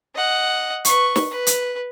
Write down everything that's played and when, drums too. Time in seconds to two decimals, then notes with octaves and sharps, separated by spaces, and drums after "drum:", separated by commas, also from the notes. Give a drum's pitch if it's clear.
0.15 D#5 F#5
0.85 B4 C#6, drum: hi-hat
1.16 drum: snare
1.31 B4
1.47 drum: hi-hat